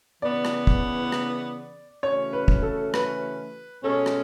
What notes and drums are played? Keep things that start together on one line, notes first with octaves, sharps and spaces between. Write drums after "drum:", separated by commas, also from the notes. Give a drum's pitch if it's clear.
C#3 E3 B3 D5
drum: rim click
drum: kick
drum: rim click
C#3 E3 A3 C#4 F#4 C#5
B4
drum: kick
A4
B4, drum: rim click
B2 G#3 C#4 A4
drum: rim click